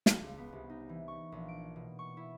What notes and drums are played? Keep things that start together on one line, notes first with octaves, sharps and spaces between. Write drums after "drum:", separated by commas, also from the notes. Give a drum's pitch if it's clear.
drum: snare
C#2
B3
C2
D#4
E3
C#6
A#1
D7
B2
C#6
E4